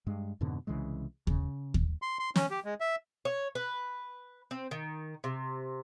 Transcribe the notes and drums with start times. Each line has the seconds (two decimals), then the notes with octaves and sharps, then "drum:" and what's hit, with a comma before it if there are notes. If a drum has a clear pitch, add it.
0.07 G2 G#3
0.41 F2 G#2 B2 D3
0.67 C2 C#3 E3 G#3
1.27 C#3, drum: kick D#2
1.74 drum: kick D#2
2.02 C6
2.19 C6
2.36 C#4, drum: snare
2.50 G4
2.65 G#3
2.80 E5
3.25 C#5
3.55 B4
4.51 C4
4.71 D#3
5.24 C3